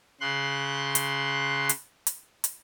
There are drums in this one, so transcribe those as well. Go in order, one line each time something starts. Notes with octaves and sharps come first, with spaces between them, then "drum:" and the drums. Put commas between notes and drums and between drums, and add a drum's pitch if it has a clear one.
C#3 C6 F#6
drum: hi-hat
drum: hi-hat
drum: hi-hat
drum: hi-hat